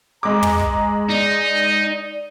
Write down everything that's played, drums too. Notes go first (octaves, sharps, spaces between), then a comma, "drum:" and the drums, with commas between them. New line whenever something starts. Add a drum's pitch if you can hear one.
G#3 A#5 D6
drum: tom
drum: kick
D#4 D5